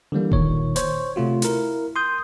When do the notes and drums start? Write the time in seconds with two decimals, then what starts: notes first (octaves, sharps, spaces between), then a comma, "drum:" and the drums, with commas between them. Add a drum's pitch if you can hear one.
0.12 D3 E3 G3 A#3
0.32 A#2 D#3 C#5, drum: kick D#1
0.76 C5 C#5, drum: hi-hat
1.16 C3 A3 F4 F#4
1.42 E4 A#4, drum: hi-hat
1.96 C6 D#6 G6